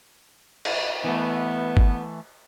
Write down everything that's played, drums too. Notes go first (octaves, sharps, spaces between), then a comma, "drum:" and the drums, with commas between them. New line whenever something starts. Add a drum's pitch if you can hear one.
drum: cymbal
E3 A3 B3
drum: kick